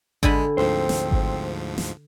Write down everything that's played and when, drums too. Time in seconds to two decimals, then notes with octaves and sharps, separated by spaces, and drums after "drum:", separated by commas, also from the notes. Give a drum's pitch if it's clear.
0.23 D3 G#3 G#5 B5, drum: kick G#1
0.57 D2 G#2 F3 C4 C5
0.89 drum: snare
1.11 drum: kick G#1
1.78 drum: snare